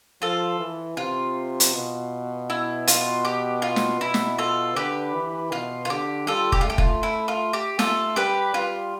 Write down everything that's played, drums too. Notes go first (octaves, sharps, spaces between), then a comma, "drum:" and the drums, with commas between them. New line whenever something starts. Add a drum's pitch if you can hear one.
F3 F4 A4
E3
C3 F4
drum: hi-hat
B2
E4
F4, drum: hi-hat
G4
F4
drum: snare
B2 E4
drum: snare
F4 A4
D3 G4 B4
E3
B2 F4
F4
D3 G4
G3 F4 A4
G4, drum: kick F1
F4
A3 G4
F4, drum: kick F1
E4
F4
G4
A3 F4 A4, drum: snare
G3 G4 B4
G3 F4